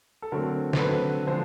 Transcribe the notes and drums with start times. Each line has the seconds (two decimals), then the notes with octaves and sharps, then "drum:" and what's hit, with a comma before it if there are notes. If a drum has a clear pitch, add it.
0.22 A4
0.32 D3 F#3 A3 C4 A#4
0.73 C5, drum: snare
0.79 D3 F#3 A3 C4 B4
1.27 D3 F3 G#3 C5